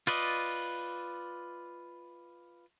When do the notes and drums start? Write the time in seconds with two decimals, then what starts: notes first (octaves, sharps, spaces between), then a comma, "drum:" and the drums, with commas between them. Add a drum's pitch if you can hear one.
0.07 F4 B4 D5 D#5, drum: cymbal